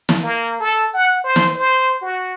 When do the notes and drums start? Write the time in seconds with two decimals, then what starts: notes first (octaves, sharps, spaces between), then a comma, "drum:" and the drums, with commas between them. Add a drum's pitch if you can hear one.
0.09 drum: snare
0.23 A#3
0.60 A4
0.93 F#5
1.24 C5
1.36 drum: snare
1.55 C5
2.02 F#4